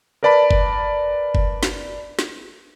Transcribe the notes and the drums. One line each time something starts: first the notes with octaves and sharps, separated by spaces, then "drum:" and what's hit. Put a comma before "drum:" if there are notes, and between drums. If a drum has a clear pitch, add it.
A#4 B4 D5 A5 B5
drum: kick F#1
drum: kick F#1
drum: snare
drum: snare